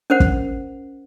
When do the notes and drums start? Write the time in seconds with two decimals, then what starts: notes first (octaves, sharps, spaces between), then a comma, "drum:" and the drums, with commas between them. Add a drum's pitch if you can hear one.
0.10 C#4 A#4 C5 F#5
0.20 drum: kick